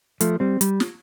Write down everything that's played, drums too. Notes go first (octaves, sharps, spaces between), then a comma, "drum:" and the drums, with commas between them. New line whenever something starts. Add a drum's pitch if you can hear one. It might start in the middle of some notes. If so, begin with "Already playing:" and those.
F3 A3, drum: hi-hat
G3 C4
G3, drum: hi-hat
drum: snare